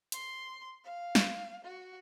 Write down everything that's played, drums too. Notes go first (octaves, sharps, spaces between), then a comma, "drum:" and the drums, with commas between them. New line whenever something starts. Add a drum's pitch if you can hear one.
C6, drum: hi-hat
F5
drum: snare
F#4